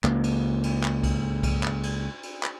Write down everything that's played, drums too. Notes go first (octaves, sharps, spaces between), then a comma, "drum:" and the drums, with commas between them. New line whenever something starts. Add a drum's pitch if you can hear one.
C#2 A#3, drum: clap
drum: cymbal
drum: cymbal
drum: clap
drum: kick C2, cymbal
drum: kick C2, cymbal
drum: clap
drum: cymbal
drum: cymbal
drum: clap